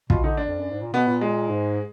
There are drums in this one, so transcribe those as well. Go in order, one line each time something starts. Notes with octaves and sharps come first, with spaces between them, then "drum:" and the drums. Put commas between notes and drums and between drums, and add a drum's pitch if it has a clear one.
B2 F4, drum: kick
D3 D#4
D4
F2
F#2
G#2
A#2
B2 B3
A#2
G#3
G#2